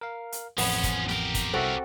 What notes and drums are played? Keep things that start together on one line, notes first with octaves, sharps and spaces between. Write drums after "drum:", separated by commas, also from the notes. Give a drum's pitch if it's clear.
A#4 F5
drum: hi-hat
A1 F2 F3 B3 C#4, drum: open hi-hat
drum: kick, hi-hat
G4 A#4, drum: snare
drum: kick, hi-hat
C2 C4 F#4 A4 E5